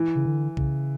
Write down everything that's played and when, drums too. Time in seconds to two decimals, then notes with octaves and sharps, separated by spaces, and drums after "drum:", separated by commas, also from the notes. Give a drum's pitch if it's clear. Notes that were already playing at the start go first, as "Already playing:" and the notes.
Already playing: E3
0.15 C#3
0.26 D3
0.57 C#3, drum: kick B1